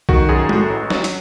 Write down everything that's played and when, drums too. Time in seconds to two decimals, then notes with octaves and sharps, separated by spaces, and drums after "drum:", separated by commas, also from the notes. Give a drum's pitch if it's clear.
0.09 D#3 F#4, drum: kick B1
0.29 F#2 G#4
0.49 A2 F#4, drum: tom
0.70 A1
0.90 F#3, drum: snare
1.04 drum: hi-hat